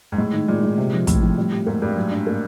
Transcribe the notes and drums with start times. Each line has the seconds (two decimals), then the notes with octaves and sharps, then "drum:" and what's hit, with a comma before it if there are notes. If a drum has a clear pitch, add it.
0.12 G#2
0.18 A2 G#3
0.33 D#3
0.48 A#2 G#3
0.63 G#3
0.78 C3
0.93 F3
1.07 A2 F3, drum: kick, hi-hat
1.23 F3
1.38 G3
1.52 G4
1.66 G#2 A#3
1.82 G2 A#3
1.97 F#3
2.11 D4
2.27 A#3